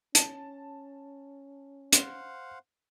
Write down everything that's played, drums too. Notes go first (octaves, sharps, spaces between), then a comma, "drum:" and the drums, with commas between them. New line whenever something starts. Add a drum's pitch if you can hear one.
C#4 A5, drum: hi-hat
C5 F5 F#5, drum: hi-hat